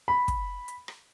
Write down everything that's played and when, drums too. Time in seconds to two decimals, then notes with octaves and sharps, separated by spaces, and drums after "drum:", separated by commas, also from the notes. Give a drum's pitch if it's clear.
0.08 B5
0.28 drum: kick, hi-hat
0.68 drum: hi-hat
0.88 drum: rim click